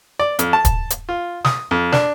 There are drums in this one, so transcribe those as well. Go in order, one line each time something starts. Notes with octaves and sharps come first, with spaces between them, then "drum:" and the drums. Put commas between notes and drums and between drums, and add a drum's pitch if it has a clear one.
D5
F2, drum: hi-hat
A5
drum: kick, hi-hat
drum: hi-hat
F4
D#6, drum: snare
F2
D4, drum: snare